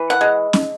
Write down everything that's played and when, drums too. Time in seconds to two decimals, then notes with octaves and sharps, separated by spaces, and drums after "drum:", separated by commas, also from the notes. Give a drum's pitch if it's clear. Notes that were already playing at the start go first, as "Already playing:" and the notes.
Already playing: E3
0.10 F#5
0.21 G#3
0.53 drum: snare C#4